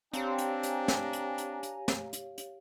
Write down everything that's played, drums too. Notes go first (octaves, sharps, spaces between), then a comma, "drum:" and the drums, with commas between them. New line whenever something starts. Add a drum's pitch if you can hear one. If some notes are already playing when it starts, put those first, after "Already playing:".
C4 D4 G4 C#5 F5 G#5 A#5, drum: hi-hat
drum: hi-hat
drum: hi-hat
drum: snare
drum: hi-hat
drum: hi-hat
drum: hi-hat
drum: snare
drum: hi-hat
drum: hi-hat